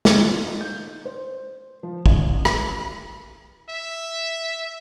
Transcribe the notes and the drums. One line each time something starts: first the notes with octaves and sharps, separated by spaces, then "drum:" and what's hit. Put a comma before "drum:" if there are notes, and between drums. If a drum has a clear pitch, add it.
drum: snare
F4
D#4
G6
C5
F3
A1, drum: kick
drum: rim click
E5